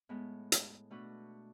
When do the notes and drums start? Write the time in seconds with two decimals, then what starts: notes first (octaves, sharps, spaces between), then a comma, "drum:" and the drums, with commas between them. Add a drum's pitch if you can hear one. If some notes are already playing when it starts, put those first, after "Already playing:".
0.09 A2 G#3 B3
0.52 drum: hi-hat
0.90 B2 A3 D4 F#4 B4